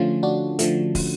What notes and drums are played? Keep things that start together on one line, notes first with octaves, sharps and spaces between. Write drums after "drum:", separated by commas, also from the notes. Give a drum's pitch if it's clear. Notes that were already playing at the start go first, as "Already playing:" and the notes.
Already playing: D3 F3 A3 C#4 F4
D4 F#4
D3 F3 A3, drum: hi-hat
drum: kick, open hi-hat